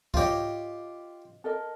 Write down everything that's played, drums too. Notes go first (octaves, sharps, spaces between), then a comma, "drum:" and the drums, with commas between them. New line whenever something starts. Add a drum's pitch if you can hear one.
F4 G4 C5 C#5 D#5, drum: kick C2
A4 A#4 D#5